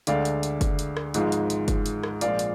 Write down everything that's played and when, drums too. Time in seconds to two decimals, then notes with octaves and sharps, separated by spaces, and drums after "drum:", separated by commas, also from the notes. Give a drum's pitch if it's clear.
0.07 D2 D3 G#3 D5 F5, drum: hi-hat
0.25 drum: hi-hat
0.43 drum: hi-hat
0.61 drum: kick F#1, hi-hat
0.79 drum: hi-hat
0.97 drum: rim click
1.14 G#1 G#2 F3 G#3, drum: hi-hat
1.32 drum: hi-hat
1.50 drum: hi-hat
1.68 drum: kick F#1, hi-hat
1.86 drum: hi-hat
2.03 drum: rim click
2.21 A#1 A#2 F3 G#3 D5 F5, drum: hi-hat
2.39 drum: hi-hat